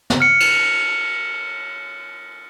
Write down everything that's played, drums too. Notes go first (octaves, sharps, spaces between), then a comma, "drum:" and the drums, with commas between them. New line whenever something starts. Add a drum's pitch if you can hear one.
drum: snare
F6 C#7
drum: cymbal